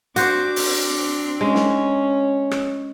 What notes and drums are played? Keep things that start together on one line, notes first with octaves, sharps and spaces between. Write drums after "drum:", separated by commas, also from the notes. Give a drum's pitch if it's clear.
C4 D4 F#4 C5 D6, drum: hi-hat
drum: open hi-hat
G#3 C#4
drum: snare
drum: rim click